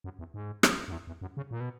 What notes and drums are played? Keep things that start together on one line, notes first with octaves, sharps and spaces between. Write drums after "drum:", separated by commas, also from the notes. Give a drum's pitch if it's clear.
F#2
E2
G#2
drum: rim click
F#2
E2
E2
F#2
C#3
A#2
B2